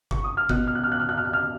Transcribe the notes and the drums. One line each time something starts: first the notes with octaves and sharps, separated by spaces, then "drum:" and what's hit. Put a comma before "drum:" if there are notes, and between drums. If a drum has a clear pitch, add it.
C#6, drum: kick
D#6
F6
B2 F#6, drum: kick
F6
F#6
F6
F#6
F6
F#6
F6
F#6
F6